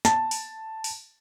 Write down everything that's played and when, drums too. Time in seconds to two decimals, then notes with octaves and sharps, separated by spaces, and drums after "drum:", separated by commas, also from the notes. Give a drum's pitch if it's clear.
0.05 A5, drum: snare
0.31 drum: open hi-hat
0.84 drum: open hi-hat